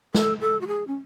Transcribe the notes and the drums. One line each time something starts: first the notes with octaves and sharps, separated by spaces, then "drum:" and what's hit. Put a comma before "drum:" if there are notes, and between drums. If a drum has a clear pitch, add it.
A4, drum: snare
A4
F#4
G#4
C#4